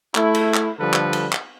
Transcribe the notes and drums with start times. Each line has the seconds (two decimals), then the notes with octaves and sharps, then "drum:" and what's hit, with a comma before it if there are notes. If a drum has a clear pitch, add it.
0.15 A3 E4, drum: clap
0.35 drum: cymbal
0.54 drum: clap
0.79 D3 F3 G3 A4 B4
0.93 drum: clap
1.13 drum: cymbal
1.33 drum: clap